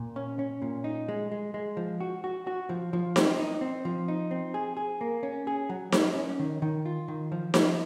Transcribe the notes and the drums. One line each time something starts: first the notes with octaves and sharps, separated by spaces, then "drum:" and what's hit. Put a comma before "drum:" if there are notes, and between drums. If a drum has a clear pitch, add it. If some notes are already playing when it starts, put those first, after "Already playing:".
Already playing: A#2
C#4
C#4
A#2
D#4
G#3
G#3
G#3
F3
F#4
F#4
F#4
F3
F3
C4, drum: snare D#4
D#4
C4
F3
D#4
C4
G#4
G#4
A#3
C#4
G#4
F#3
F#3, drum: snare D#4
C#4
D#3
D#3
F4
D#3
F3
F3, drum: snare D#4